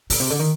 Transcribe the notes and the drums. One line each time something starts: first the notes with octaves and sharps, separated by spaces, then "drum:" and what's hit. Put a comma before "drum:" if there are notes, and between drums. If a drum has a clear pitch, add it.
A#2, drum: open hi-hat
C3
D3
D#3